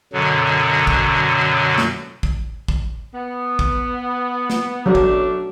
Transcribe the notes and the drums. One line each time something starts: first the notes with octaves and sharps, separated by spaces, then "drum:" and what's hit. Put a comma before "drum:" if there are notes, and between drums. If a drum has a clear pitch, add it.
F#2 B2 D3 F#3
drum: kick
drum: snare
drum: kick
drum: kick
B3
drum: kick
drum: snare
F#3 A3 C#4 D4
drum: kick